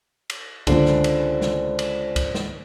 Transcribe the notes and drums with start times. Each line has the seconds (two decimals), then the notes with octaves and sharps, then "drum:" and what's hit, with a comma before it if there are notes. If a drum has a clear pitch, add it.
0.30 drum: cymbal
0.67 C#2 D3 C5 D5, drum: kick C2, cymbal
0.86 drum: snare
1.04 drum: cymbal
1.41 drum: snare
1.79 drum: cymbal
2.16 drum: kick C2, cymbal
2.35 drum: snare